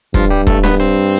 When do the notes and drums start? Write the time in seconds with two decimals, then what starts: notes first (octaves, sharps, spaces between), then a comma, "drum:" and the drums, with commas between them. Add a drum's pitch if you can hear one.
0.14 G2 F3 F4, drum: kick
0.30 G3 G4
0.47 A3 A4, drum: kick
0.64 B3 B4, drum: snare
0.80 C4 C5